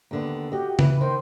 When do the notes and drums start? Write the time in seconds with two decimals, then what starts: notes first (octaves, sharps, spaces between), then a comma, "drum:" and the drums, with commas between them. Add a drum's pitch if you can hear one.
0.11 D#2 D3 B3
0.52 F#4 G4 D#5
0.79 E3 B4, drum: tom C#3
1.01 D#3 C5